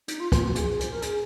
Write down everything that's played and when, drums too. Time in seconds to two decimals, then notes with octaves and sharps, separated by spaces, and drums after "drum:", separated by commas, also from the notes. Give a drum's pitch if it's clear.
0.08 D#4, drum: hi-hat
0.20 F4
0.32 F4, drum: kick, hi-hat
0.43 F#4
0.55 G#4, drum: hi-hat
0.80 C5, drum: hi-hat
0.91 A#4
1.02 G#4, drum: hi-hat